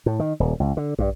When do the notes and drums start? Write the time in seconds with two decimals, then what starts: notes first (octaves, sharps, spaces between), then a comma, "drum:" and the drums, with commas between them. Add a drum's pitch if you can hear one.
0.06 A2
0.20 D#3
0.40 D#1
0.60 C#2
0.77 D3
0.99 G2, drum: kick